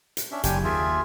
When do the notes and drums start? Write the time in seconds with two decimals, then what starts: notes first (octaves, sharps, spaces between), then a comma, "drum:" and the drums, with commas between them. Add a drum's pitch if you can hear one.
0.17 drum: hi-hat
0.32 C#4 D4 E5
0.43 F#1 D4 G4 G#5, drum: hi-hat
0.64 D#2 F4 G#4 E5